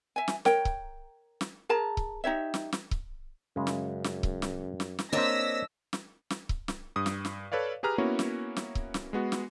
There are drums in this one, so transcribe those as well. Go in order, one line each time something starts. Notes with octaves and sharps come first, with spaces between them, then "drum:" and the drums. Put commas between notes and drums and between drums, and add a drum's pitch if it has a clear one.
E5 G#5
drum: snare
A#4 C#5 G5, drum: snare
drum: kick C#1
drum: snare
G#4 A#4 A5 A#5
drum: kick C#1
D#4 G4 C#5 E5
drum: snare
drum: snare
drum: kick C#1
F#2 C#3 G#3
drum: snare
drum: snare
drum: kick C#1
drum: snare
drum: snare
drum: snare
A#3 C4 D4 C#5 D#5 E6 A#6 B6
drum: snare
drum: snare
drum: kick C#1
drum: snare
G2 D#6
drum: snare
drum: snare
A4 B4 C#5 D5 F5
G4 G#4 B4 A#5 F6
A#3 B3 C#4 E4 F#4 C#5
drum: snare
drum: snare
drum: kick C#1
drum: snare
G#3 B3 F#4
drum: snare